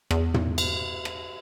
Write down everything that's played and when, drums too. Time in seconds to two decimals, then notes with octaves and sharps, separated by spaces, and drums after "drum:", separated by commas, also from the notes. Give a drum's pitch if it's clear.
0.11 E2, drum: rim click
0.34 drum: tom
0.58 drum: cymbal
1.05 drum: rim click